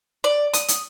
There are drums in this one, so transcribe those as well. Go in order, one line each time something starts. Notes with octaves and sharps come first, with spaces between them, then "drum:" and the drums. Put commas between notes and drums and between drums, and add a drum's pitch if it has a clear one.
D5
D#6, drum: hi-hat
drum: hi-hat